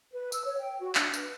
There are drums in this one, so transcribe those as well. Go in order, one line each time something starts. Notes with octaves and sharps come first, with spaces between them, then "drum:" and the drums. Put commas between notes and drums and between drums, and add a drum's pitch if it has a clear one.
B4
E6, drum: tambourine
C#5
G5
F#4
D4, drum: clap
B4, drum: tambourine